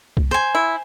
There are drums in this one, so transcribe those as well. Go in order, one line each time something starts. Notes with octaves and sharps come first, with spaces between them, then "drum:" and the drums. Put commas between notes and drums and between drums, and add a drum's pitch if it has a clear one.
drum: kick
C5 G#5
E4